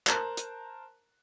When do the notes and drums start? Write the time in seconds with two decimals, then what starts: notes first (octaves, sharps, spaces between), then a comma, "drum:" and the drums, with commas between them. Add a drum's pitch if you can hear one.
0.07 A#4 C5 A5 A#5 F#6, drum: clap
0.37 drum: hi-hat